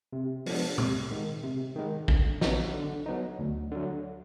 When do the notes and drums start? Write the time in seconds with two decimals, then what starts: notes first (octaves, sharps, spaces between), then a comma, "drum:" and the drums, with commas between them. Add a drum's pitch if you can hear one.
0.13 C3
0.46 F3 G#3 B3 D4, drum: open hi-hat
0.78 C3, drum: tom
1.11 D#3 G#3
1.44 C3
1.76 D#3 G#3
2.08 D3, drum: kick A#1
2.41 F#3 B3 D#4, drum: snare
2.74 D3
3.06 F#3 B3 D#4
3.39 D2
3.72 D3 F#3